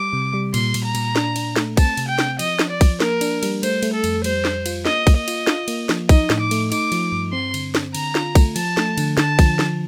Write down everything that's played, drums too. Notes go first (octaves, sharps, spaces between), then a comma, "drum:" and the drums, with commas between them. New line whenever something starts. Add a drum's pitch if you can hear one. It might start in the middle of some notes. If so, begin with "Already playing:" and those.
Already playing: G3 D6
C3
G3
A#2 C6, drum: cymbal
A#2, drum: cymbal
A#5
A#2, drum: cymbal
D4, drum: snare
D4, drum: cymbal
A3, drum: snare
C4 A5, drum: kick B1, cymbal
C3, drum: cymbal
G5
C4, drum: snare
F3 D#5, drum: cymbal
F3, drum: snare
D5
F3, drum: kick B1, cymbal
A#3 A#4, drum: snare
D4, drum: cymbal
G3, drum: cymbal
A3 C5, drum: cymbal
A3, drum: cymbal
A4
F2, drum: cymbal
G3 C5, drum: cymbal
G3, drum: snare
F4, drum: cymbal
A#3 D#5, drum: snare
A#3, drum: kick B1, cymbal
D#5
F4, drum: cymbal
F4, drum: snare
A#3, drum: cymbal
F3, drum: snare
D#4 D#5, drum: kick B1, cymbal
A2, drum: snare
D6
A3, drum: cymbal
D#4 D6, drum: cymbal
F3, drum: cymbal
G2
C4 C6
D3, drum: cymbal
C4, drum: snare
D3 A#5, drum: cymbal
F4, drum: snare
A3, drum: kick B1, cymbal
F3 A5, drum: cymbal
A3, drum: snare
D3, drum: cymbal
D3 A5, drum: snare
F3, drum: kick B1, cymbal
F3, drum: snare